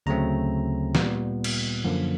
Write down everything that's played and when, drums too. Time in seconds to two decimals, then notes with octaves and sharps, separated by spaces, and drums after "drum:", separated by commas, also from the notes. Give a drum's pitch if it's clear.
0.06 D2 C#3 F#3 A3 C4 A#5
0.95 A#2 G3 B3, drum: snare
1.44 drum: cymbal
1.84 F#2 D3 F3 A#3